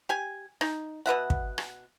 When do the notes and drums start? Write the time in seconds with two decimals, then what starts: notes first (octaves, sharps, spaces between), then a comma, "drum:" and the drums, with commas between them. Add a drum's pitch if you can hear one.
0.09 G4 G#5
0.61 D#4, drum: rim click
1.06 B2 B4 E5 F#5
1.30 drum: kick
1.58 drum: rim click